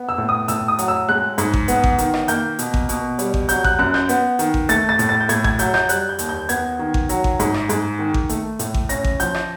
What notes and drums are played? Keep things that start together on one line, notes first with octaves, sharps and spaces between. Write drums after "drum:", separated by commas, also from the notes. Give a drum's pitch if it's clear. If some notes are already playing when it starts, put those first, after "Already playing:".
Already playing: B3
E6
A2
D#6
A2 E6, drum: hi-hat
D#6
F#3, drum: hi-hat
E6
G#3 F#6
G#2, drum: hi-hat
drum: kick G#1
B3, drum: hi-hat
drum: kick G#1
D#3, drum: hi-hat
drum: rim click
A#3 G6, drum: hi-hat
B2, drum: hi-hat
drum: kick G#1
B2, drum: hi-hat
G3, drum: hi-hat
drum: kick G#1
F#3 G6, drum: hi-hat
F#6, drum: kick G#1
F#2 F#6
G6, drum: rim click
B3, drum: hi-hat
D#3, drum: hi-hat
drum: kick G#1
A3 A6, drum: hi-hat
A6
A2, drum: hi-hat
A6
G6
A2 G#6, drum: hi-hat
G#6, drum: kick G#1
F#3 G6, drum: hi-hat
G6, drum: rim click
G3 F#6, drum: hi-hat
G6
D#2, drum: hi-hat
G6
B3 G#6, drum: hi-hat
D#3
drum: kick G#1
F#3, drum: hi-hat
drum: kick G#1
G#2, drum: hi-hat
drum: rim click
G#2, drum: hi-hat
D#3
drum: kick G#1
A3, drum: hi-hat
A2, drum: hi-hat
drum: kick G#1
C#4 A#6, drum: hi-hat
drum: kick G#1
F3 G6, drum: hi-hat
drum: rim click